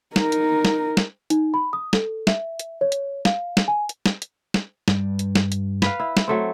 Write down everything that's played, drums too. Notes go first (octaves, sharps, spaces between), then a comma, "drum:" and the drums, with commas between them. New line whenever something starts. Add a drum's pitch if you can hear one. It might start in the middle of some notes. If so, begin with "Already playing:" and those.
D#4 A#4, drum: snare
drum: hi-hat
drum: snare
drum: snare
D#4, drum: hi-hat
B5
D#6
A4, drum: snare
E5, drum: snare
drum: hi-hat
C#5
drum: hi-hat
F5, drum: snare
drum: snare
G#5
drum: hi-hat
drum: snare
drum: hi-hat
drum: snare
G2 G3, drum: snare
drum: hi-hat
drum: snare
drum: hi-hat
B4 F5, drum: snare
E4
drum: snare
F#3 A3 C4